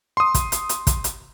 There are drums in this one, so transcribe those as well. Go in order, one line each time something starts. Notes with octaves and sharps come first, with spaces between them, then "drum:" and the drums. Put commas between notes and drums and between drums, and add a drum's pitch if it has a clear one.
C6 D#6
drum: kick, hi-hat
drum: hi-hat
drum: hi-hat
drum: kick, hi-hat
drum: hi-hat